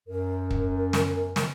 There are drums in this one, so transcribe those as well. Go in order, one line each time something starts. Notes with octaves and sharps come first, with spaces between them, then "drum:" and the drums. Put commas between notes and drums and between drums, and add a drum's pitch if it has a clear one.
F#2 A#4
drum: kick
drum: snare
drum: snare